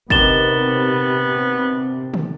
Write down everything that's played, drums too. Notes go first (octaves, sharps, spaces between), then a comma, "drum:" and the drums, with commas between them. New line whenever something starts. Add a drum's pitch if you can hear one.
C3 D#3 B3 D4 A6 E7 G7, drum: kick
drum: tom D3